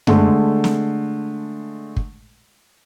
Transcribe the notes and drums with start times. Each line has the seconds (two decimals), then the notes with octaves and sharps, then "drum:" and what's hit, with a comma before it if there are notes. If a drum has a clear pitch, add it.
0.07 D3 G#3 A3, drum: tom F#2
0.64 drum: snare
1.96 drum: kick